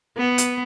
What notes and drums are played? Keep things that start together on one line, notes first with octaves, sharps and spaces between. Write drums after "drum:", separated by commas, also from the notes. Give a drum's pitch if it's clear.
B3
drum: hi-hat